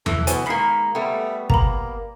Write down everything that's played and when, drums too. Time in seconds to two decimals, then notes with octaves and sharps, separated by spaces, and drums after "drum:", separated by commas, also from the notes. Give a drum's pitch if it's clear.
0.06 E3 A4, drum: tom E2
0.27 B2 E3 B3 G#5, drum: hi-hat
0.46 D#3 G#3 A#3 B5 B6 C7
0.95 G3 A3 B3
1.50 A#3 A#5 B5, drum: kick